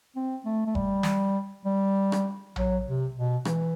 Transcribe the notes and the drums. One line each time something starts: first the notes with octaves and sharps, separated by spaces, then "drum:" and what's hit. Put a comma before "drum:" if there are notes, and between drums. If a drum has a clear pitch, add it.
C4
A3
A3
G3, drum: kick F1
drum: snare
G3
drum: rim click
F#3, drum: tom A#1
C3
B2
E3, drum: rim click